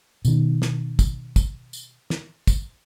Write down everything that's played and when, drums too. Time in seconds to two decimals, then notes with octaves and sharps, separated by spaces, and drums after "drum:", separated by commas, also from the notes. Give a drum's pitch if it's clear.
0.25 B2 D#3, drum: tambourine
0.62 drum: snare
0.99 drum: kick, tambourine
1.36 drum: kick, tambourine
1.73 drum: tambourine
2.10 drum: snare
2.47 drum: kick, tambourine